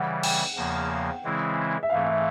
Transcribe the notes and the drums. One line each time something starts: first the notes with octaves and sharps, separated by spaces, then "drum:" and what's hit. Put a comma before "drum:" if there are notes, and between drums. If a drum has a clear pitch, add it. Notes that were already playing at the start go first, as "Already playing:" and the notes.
Already playing: C#3 E3 G3 F#5
G5, drum: cymbal
E2 C#3 F3 A#3
C#3 E3 G#3 C4 E4
E5
G#2 E3 A3 F5
E5